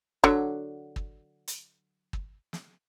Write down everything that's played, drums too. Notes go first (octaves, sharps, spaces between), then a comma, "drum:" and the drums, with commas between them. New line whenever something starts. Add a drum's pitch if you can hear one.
D3 F#3, drum: kick
drum: kick
drum: hi-hat
drum: kick
drum: snare